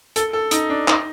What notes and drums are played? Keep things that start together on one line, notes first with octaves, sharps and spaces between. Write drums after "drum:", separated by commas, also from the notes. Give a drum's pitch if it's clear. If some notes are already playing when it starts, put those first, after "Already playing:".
A4, drum: hi-hat
A4
D#4, drum: hi-hat
D4
D#4, drum: clap